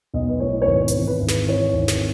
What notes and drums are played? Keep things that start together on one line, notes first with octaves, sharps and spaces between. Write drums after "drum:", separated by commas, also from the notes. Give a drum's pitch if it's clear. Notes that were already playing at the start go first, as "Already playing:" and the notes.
B1 D#5
B4
A2 C#5
C#5
G#1 B4
B4, drum: hi-hat
E3
B4
G#1
B4, drum: snare
E3 C#5
G#1
drum: snare